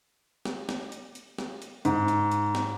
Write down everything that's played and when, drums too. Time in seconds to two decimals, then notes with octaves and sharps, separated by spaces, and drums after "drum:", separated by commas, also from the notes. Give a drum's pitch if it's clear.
0.45 drum: snare
0.69 drum: snare
0.92 drum: hi-hat
1.15 drum: hi-hat
1.38 drum: snare
1.62 drum: hi-hat
1.85 G#2, drum: hi-hat
2.08 drum: hi-hat
2.31 drum: hi-hat
2.55 drum: snare